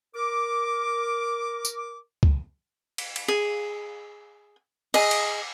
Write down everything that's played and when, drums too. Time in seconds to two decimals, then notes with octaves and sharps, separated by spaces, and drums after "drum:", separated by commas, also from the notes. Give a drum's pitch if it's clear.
0.15 A#4 D6
1.65 drum: tambourine
2.23 drum: kick
2.98 drum: cymbal
3.16 drum: cymbal
3.28 G#4
4.94 G#4 D#5, drum: cymbal
5.11 drum: cymbal